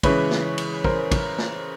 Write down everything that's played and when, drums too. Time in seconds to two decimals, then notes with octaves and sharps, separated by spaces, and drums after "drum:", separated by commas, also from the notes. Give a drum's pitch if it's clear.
0.03 C#3 E3 G#3 B4 C#5, drum: kick, cymbal
0.31 drum: snare
0.58 drum: cymbal
0.84 A#4 C5, drum: kick
1.11 drum: kick, cymbal
1.38 drum: snare